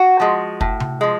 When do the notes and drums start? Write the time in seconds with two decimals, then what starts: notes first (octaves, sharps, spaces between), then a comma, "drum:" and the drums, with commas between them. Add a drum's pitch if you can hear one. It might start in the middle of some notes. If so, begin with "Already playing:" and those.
Already playing: F#4
0.20 F3 G#3
0.61 A2, drum: kick
0.80 drum: tom C3
1.01 F3 G#3